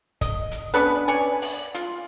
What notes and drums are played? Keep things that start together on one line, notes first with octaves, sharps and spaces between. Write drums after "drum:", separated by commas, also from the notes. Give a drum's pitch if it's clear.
D#5, drum: kick, hi-hat
drum: hi-hat
B3 C#4 D4 B4
C#5 D5 G#5
drum: open hi-hat
F4, drum: hi-hat